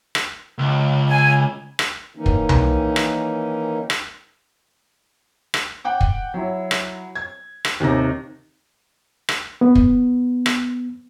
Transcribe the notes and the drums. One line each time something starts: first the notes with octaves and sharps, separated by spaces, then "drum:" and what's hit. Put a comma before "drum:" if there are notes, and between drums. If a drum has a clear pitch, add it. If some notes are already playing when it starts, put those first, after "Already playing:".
drum: rim click
C#2
G#5
drum: rim click
D#3 E3 A#3 C#4 D#4
drum: kick
drum: tom C2
drum: rim click
drum: rim click
drum: rim click
F#5 G5 D6
drum: kick
F#3 E4
drum: rim click
G#6
drum: rim click
D#2 C3 D#4 A#6
drum: rim click
B3
drum: kick
drum: rim click